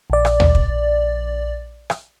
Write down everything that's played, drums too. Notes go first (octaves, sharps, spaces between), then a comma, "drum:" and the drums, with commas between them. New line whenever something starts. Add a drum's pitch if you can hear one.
A#1 D5
drum: rim click
drum: tom D2
drum: kick
drum: rim click